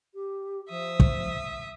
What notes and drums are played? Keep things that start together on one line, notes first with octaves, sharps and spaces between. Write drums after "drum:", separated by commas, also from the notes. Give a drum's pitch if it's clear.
G4
F3 E5 D#6
drum: kick